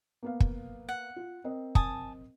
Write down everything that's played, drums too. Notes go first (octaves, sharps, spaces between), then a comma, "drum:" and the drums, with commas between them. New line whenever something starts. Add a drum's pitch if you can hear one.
A#3 B3 F5
drum: kick
F#5
F4
C4 A#4 D#5
G#5 A5 D#6, drum: kick